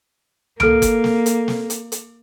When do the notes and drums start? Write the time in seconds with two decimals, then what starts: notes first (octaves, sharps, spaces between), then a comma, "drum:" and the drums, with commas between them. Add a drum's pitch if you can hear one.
0.60 A#3 A4 F6 D7, drum: tom C#2
0.82 drum: kick, hi-hat
1.04 drum: snare
1.26 drum: hi-hat
1.48 drum: snare
1.70 drum: hi-hat
1.92 drum: hi-hat